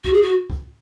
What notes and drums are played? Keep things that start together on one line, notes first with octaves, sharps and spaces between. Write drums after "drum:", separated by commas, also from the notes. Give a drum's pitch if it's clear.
F#4, drum: kick
G#4
F#4
drum: kick